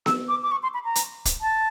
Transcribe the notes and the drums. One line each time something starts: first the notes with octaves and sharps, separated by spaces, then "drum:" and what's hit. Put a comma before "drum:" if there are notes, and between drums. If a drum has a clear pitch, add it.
E6, drum: snare B3
D6
D6
C#6
C6
B5
A#5
drum: hi-hat
drum: kick, hi-hat
A5